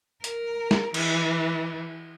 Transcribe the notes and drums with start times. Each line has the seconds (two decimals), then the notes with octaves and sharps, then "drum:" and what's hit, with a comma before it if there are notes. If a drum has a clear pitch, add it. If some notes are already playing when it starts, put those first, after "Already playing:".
0.24 A#4, drum: hi-hat
0.71 drum: snare
0.94 E3, drum: cymbal